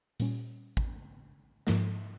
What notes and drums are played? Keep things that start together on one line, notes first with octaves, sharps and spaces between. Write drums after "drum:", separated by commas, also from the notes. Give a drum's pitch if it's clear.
A#2 G3 C#4, drum: hi-hat
drum: kick
G#2 F3 A#3, drum: snare